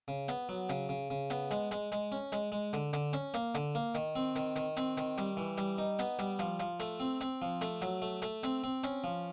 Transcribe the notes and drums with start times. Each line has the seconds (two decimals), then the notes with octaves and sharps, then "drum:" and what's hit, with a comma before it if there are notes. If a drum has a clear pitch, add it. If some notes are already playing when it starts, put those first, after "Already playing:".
0.08 C#3
0.28 B3, drum: hi-hat
0.49 F#3
0.69 C#3, drum: hi-hat
0.89 C#3
1.10 C#3
1.30 B3, drum: hi-hat
1.51 G#3, drum: hi-hat
1.71 G#3, drum: hi-hat
1.92 G#3, drum: hi-hat
2.12 C#4
2.32 G#3, drum: hi-hat
2.52 G#3
2.73 D3, drum: hi-hat
2.93 D3, drum: hi-hat
3.13 C#4, drum: hi-hat
3.34 A#3, drum: hi-hat
3.55 D3, drum: hi-hat
3.75 A#3
3.95 D#3, drum: hi-hat
4.16 C4
4.36 D#3, drum: hi-hat
4.56 D#3, drum: hi-hat
4.77 C4, drum: hi-hat
4.97 D#3, drum: hi-hat
5.18 G3, drum: hi-hat
5.37 E3
5.58 G3, drum: hi-hat
5.78 D#4
5.99 B3, drum: hi-hat
6.19 G3, drum: hi-hat
6.39 F3, drum: hi-hat
6.59 F3, drum: hi-hat
6.80 A3, drum: hi-hat
7.00 C4
7.21 C4, drum: hi-hat
7.42 F3
7.61 A3, drum: hi-hat
7.82 F#3, drum: hi-hat
8.02 A3
8.22 A3, drum: hi-hat
8.43 C4, drum: hi-hat
8.64 C4
8.84 C#4, drum: hi-hat
9.04 F3